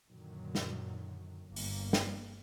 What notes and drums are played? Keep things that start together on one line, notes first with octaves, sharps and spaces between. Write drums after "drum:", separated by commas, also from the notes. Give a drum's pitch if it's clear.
F#2 A#2 D3 D#3 F#3
drum: snare
G1 A#3
drum: open hi-hat
drum: snare